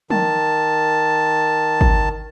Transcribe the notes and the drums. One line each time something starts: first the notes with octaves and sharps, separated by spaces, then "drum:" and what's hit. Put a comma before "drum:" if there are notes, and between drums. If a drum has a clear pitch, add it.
D#3 A5, drum: tom
drum: kick